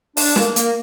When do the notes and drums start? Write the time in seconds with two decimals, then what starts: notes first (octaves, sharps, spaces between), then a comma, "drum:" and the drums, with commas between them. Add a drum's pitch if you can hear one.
0.17 D4, drum: open hi-hat
0.36 A#3, drum: snare
0.56 A#3, drum: hi-hat